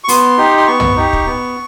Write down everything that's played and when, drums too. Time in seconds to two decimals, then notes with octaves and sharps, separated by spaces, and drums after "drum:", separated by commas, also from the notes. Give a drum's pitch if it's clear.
0.04 C#6
0.08 B3 C6, drum: open hi-hat
0.38 D#4 G4
0.57 C6
0.67 B3 C#6
0.80 drum: tom
0.97 D#4 G4
1.13 drum: kick
1.26 B3